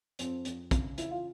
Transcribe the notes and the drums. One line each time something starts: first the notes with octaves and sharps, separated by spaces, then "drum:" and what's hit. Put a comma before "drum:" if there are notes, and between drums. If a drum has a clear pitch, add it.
F2 C4, drum: hi-hat
F2, drum: hi-hat
C#3, drum: kick, hi-hat
E3 E4, drum: hi-hat
F4